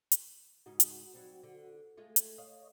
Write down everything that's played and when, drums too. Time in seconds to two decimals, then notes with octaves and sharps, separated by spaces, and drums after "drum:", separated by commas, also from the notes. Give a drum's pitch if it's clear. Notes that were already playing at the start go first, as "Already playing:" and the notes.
0.12 drum: hi-hat
0.66 G#2 C#3 D#4 F#4
0.80 drum: hi-hat
1.14 F#3 G3 C4
1.43 D3
1.98 G#3 A3 F4
2.16 drum: hi-hat
2.38 C#5 D#5 F5